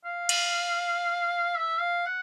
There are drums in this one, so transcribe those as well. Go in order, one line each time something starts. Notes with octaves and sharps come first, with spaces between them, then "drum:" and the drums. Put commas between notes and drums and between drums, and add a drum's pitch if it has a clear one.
F5
drum: cymbal
E5
F5
F#5